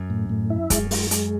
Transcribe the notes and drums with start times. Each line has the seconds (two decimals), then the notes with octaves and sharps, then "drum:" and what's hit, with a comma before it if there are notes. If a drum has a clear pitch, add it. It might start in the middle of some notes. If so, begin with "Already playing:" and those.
Already playing: F#2
0.10 A2
0.29 A2
0.50 E4
0.70 F#2 G#3, drum: kick, hi-hat
0.91 G#3, drum: open hi-hat
1.11 G#3, drum: hi-hat